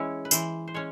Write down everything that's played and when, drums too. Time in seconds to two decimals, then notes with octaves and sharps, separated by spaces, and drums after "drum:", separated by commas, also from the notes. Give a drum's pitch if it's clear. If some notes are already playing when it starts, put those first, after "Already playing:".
Already playing: E3 G#3 C#4 E4 C#5
0.25 B4
0.31 E3 C5, drum: tambourine
0.68 C5
0.74 G#3 C#4 C#5